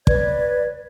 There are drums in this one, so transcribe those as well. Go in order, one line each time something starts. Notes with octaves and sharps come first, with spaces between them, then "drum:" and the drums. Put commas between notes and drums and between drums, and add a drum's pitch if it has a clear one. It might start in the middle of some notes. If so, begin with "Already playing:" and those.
B4 C#5 D5 G#6, drum: kick